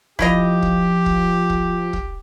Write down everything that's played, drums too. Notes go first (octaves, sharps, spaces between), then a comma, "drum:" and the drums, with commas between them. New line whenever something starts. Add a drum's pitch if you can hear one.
F3 E4 F4 G4 D#5, drum: kick
drum: kick
drum: kick
drum: kick
drum: kick